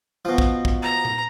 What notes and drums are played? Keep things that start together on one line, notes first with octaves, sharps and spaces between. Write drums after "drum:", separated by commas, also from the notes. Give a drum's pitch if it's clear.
B2 F3
drum: kick
drum: kick
A#5
drum: tom A#2